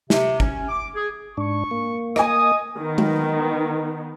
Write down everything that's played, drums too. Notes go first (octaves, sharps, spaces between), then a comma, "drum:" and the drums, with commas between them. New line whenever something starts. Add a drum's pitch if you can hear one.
C3, drum: snare
C#4, drum: kick
D6
G#4
G#2 D4 C#6
A#3
D#5 G#5 D#6, drum: rim click
D#3 B3 D#4
drum: tom G#3